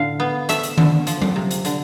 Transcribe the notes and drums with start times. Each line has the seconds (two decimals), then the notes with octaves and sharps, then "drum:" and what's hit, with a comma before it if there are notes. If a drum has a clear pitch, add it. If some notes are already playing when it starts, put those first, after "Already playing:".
Already playing: A2 D3 F5
0.20 B3
0.49 A3 E5, drum: hi-hat
0.63 drum: hi-hat
0.78 D3, drum: tom D#3
1.07 F3, drum: hi-hat
1.22 drum: tom F#3
1.36 C3
1.51 drum: hi-hat
1.65 D3, drum: hi-hat